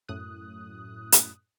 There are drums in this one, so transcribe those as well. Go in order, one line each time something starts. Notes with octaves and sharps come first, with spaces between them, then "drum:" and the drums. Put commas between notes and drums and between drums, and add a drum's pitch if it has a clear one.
F#2 A2 D#6 F#6
drum: hi-hat